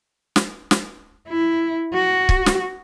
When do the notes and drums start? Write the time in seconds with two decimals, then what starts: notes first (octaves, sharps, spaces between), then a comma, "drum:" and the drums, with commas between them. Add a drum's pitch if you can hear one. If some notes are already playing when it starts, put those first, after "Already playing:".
0.36 drum: snare
0.71 drum: snare
1.28 E4
1.94 F#4
2.29 drum: kick C#1
2.46 drum: snare